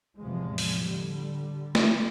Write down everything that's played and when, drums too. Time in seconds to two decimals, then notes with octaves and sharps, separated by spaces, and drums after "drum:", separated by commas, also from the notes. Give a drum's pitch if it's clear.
0.18 E2 A2 C3 F3 G#3
0.58 drum: open hi-hat
0.79 D3 G3
1.75 drum: snare